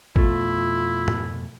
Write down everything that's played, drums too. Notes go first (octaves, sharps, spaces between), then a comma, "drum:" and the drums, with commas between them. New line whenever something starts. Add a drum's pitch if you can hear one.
F2 B2 A3 E4 F4, drum: kick G#1
drum: tom